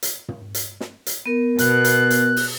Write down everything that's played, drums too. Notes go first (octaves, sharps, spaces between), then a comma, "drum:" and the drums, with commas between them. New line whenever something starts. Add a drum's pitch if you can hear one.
drum: hi-hat
drum: tom
drum: hi-hat
drum: snare
drum: hi-hat
B3 A#4
B2 F#6, drum: hi-hat
drum: hi-hat
drum: hi-hat
drum: open hi-hat